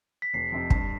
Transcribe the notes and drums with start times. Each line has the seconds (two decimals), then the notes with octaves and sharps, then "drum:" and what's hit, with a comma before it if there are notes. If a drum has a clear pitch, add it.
0.22 B6
0.34 F1 C7
0.52 F2 C3
0.70 G2, drum: kick